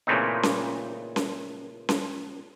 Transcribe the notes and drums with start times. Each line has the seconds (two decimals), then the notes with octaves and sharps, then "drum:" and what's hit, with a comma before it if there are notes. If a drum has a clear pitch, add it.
0.07 A#2 C#3 E3 A3 C4 D#4
0.43 drum: snare C#4
1.16 drum: snare C#4
1.89 drum: snare C#4